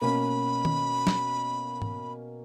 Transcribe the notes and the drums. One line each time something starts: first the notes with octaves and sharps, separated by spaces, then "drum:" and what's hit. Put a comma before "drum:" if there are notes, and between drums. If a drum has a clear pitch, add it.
B2 A#3 C#4 B5
drum: tom D#3
drum: snare
drum: tom G#2